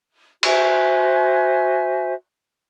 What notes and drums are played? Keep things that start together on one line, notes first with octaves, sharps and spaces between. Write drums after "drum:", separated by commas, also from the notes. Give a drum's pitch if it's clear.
F#4 C5 E5 G#5, drum: cymbal